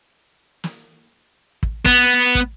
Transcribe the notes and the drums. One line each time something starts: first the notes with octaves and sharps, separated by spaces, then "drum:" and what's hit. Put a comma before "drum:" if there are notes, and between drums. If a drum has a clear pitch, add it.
drum: snare
drum: kick
B3, drum: kick
drum: kick